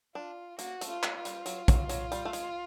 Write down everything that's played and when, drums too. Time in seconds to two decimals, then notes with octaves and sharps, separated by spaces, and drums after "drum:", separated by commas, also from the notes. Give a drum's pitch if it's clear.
0.15 D4 F4
0.58 A#3 F#4, drum: hi-hat
0.81 A3, drum: hi-hat
0.88 F4
1.03 G#3, drum: clap
1.17 F4
1.25 G3, drum: hi-hat
1.46 F#3, drum: hi-hat
1.68 F#3, drum: kick, hi-hat
1.89 F#3, drum: hi-hat
2.12 G3, drum: hi-hat
2.25 A3
2.33 G#3, drum: hi-hat